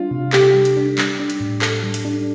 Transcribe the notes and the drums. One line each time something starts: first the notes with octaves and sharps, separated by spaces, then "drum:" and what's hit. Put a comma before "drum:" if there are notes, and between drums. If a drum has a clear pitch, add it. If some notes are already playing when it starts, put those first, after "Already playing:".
Already playing: G3 D4 F4
C3
G4 A4, drum: clap
G3
drum: hi-hat
D4
G3, drum: clap
D4
drum: hi-hat
A2
A4, drum: clap
G3
drum: hi-hat
D4